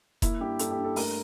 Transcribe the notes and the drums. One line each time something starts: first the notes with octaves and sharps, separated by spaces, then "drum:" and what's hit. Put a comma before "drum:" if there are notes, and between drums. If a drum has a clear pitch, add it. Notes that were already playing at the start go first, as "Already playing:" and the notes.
A#3 E4, drum: kick F1, hi-hat
G2 G4
G2 A4, drum: hi-hat
G4
G2
A4
A3 A#4, drum: open hi-hat